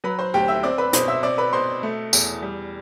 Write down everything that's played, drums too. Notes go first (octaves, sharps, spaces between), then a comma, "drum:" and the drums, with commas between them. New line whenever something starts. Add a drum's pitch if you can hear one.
F#3 B4 B5
C5 C6
D2 G4 G5
E5 E6
C4 D5 D6
B4 B5
B2 C5 C6, drum: hi-hat
E5 E6
C4 D5 D6
B4 B5
B2 C5 C6
A3
E2, drum: tambourine
G3